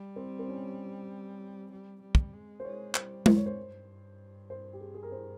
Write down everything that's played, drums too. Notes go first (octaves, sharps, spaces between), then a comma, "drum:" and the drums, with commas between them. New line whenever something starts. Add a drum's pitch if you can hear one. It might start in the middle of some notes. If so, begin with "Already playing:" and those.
Already playing: G3
C4
C4
C#4
G3
G3
drum: kick
G#3
C5
G#3 C#5
G3 C5, drum: clap
G#2 C5, drum: tom G#3
C#5
C5
G2
C5
G4
G#4
G#4
A#4
C5